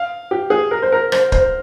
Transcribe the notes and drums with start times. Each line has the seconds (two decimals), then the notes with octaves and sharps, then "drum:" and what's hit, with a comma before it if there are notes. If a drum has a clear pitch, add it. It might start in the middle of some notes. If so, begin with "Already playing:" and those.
Already playing: F5
0.31 G4
0.50 G#4
0.71 A#4
0.82 C5
0.92 A#4
1.12 C5, drum: rim click
1.32 C5, drum: kick